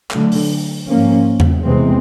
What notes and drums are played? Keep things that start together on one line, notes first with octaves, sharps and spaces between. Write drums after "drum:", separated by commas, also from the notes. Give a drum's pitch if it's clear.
D3 F#3 A3, drum: clap
drum: open hi-hat
G#2 F3 A#3 C#4
drum: tom E2
E2 C3 E3 G#3 C4